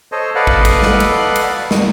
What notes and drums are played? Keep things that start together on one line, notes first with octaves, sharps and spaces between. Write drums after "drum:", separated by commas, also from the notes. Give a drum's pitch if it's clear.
A4 C5 C#5 D#5
A4 B4 D5 D#5 F5 F#5
drum: kick
drum: kick, cymbal
drum: snare
drum: cymbal
drum: cymbal
F#4
drum: snare